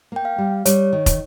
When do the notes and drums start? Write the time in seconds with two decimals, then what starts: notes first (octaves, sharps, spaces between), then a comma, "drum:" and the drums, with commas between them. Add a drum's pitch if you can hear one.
0.12 A#3 G5
0.25 F5
0.38 G3
0.66 G3 C#5, drum: hi-hat
0.93 D#3
1.06 drum: kick, hi-hat